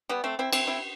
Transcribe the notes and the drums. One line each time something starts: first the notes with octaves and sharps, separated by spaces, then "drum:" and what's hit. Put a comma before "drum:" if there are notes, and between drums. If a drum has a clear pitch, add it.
G3 B3
A3 C4
C4 E4
C4 E4, drum: cymbal
C4 E4